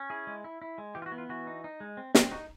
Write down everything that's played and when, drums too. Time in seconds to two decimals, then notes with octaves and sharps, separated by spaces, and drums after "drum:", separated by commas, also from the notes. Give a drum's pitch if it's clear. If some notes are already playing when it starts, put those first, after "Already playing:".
Already playing: C#4
0.10 E4 G#4
0.27 G#3
0.44 E4
0.62 E4
0.78 G#3
0.95 E3 G4
1.02 F4
1.06 F#4
1.12 B3
1.18 F4
1.29 E3 F#4
1.47 D#4
1.64 D#4
1.80 G#3
1.97 C4
2.15 C4, drum: snare
2.31 D#4 F#4